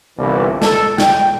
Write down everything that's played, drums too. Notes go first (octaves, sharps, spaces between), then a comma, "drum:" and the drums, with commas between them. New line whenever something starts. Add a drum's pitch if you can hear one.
G1 C2 E3
A4, drum: snare
G5, drum: snare